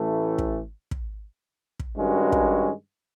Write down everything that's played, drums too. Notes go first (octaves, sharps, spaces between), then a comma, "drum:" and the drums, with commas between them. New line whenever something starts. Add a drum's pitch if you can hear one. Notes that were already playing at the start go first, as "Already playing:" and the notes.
Already playing: A1 A2 E3 A3
drum: kick
drum: kick
drum: kick
G2 D#3 G#3 C#4 F#4
drum: kick